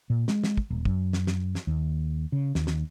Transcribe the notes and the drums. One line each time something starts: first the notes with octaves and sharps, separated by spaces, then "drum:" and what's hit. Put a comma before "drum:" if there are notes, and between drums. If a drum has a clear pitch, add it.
A#2
G#3, drum: snare
drum: snare
drum: kick
D#1
F#2, drum: kick
drum: snare
drum: snare
drum: snare
D#2
C#3
D#2, drum: snare
drum: snare